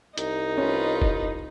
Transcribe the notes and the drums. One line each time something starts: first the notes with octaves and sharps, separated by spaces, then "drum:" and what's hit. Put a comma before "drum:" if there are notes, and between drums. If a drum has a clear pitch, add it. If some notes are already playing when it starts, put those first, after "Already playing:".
C2 D#4, drum: hi-hat
C#4 F4 B4
drum: kick F1